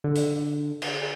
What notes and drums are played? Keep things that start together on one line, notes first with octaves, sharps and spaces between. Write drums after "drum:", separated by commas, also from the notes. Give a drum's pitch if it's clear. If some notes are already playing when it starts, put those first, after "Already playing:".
D3
drum: hi-hat
drum: cymbal